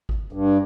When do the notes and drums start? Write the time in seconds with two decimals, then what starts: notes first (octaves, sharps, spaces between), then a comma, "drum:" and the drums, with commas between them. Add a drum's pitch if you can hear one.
0.09 drum: kick G#1
0.32 G2